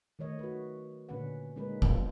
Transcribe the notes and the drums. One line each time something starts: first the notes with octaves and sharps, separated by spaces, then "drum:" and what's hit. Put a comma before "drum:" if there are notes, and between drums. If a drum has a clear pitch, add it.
D#3 A3 C#5 D#5
F#4 B4
A#2 D3 C#4 D4 B4 F#5
G#3 A#3 C#4 D#4 B4
drum: kick